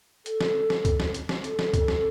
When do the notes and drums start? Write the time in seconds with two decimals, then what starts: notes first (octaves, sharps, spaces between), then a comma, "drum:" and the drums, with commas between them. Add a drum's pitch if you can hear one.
0.26 A4, drum: hi-hat
0.41 drum: snare
0.70 drum: snare
0.85 drum: kick, hi-hat
1.00 drum: snare
1.14 drum: hi-hat
1.29 drum: snare
1.44 A4, drum: hi-hat
1.59 drum: snare
1.74 drum: kick, hi-hat
1.88 drum: snare